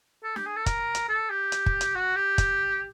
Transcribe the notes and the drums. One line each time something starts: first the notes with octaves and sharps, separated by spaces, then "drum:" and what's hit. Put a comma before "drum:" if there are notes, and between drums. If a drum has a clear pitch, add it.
A4
G4, drum: snare
G#4
A4
A#4, drum: kick, hi-hat
drum: hi-hat
A4
G4
drum: hi-hat
drum: kick
drum: hi-hat
F#4
G4
drum: kick, hi-hat